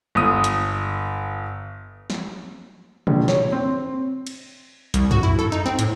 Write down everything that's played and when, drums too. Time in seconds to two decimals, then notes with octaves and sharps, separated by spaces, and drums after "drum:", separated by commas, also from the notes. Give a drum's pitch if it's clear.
0.15 G1 D#6
0.44 drum: hi-hat
2.10 drum: snare
3.07 A#1, drum: tom
3.28 C#5, drum: snare
3.52 C4
4.27 drum: cymbal
4.94 C2, drum: hi-hat
5.11 F#4, drum: tom
5.23 E4
5.39 A4
5.52 D#4
5.66 C4
5.79 A2, drum: hi-hat